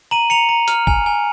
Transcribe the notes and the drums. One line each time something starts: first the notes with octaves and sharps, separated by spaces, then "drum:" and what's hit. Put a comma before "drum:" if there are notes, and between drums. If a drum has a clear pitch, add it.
A#5 D#7 F#7
A#5 C#7 F7
A#5
F6, drum: hi-hat
G#5, drum: kick
G#5